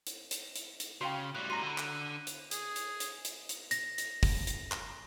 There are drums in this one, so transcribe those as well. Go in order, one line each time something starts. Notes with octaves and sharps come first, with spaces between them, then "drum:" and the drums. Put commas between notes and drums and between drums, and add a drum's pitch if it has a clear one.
drum: hi-hat
drum: hi-hat
drum: hi-hat
drum: hi-hat
C#3 F#4 F5 G5 C6
A2 G3 F#6
F#4 A#5 C6 D#7
D3 F#5 B5
drum: clap
drum: hi-hat
G#4, drum: hi-hat
drum: hi-hat
drum: hi-hat
drum: hi-hat
drum: hi-hat
A#6, drum: hi-hat
drum: hi-hat
drum: kick, open hi-hat
drum: hi-hat
drum: clap